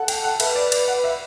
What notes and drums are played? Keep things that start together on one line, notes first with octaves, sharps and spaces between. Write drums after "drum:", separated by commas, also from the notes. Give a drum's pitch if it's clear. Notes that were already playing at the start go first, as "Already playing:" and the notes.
Already playing: A4 F#5
G5, drum: cymbal
F#5
B4 E5, drum: cymbal
D5
D5, drum: cymbal
F#5
E5